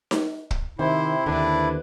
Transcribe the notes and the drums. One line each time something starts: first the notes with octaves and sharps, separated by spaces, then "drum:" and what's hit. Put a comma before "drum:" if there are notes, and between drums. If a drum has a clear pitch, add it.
drum: snare D#4
drum: kick
C3 D#3 E4 C5
D#2 D3 D4 B4